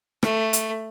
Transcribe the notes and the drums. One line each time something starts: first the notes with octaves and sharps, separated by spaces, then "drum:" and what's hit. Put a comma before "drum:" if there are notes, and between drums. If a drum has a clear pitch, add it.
A3, drum: rim click
drum: hi-hat